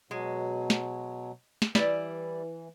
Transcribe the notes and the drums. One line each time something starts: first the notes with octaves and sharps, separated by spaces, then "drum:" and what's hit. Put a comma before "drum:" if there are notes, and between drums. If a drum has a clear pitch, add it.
B2 F#3 G#3
drum: snare
drum: snare
E3 G3 E4 D5, drum: snare